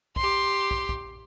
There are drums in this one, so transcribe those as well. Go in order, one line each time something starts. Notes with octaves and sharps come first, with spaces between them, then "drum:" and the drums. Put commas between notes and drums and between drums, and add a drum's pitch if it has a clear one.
G4 C6, drum: kick
drum: kick
drum: kick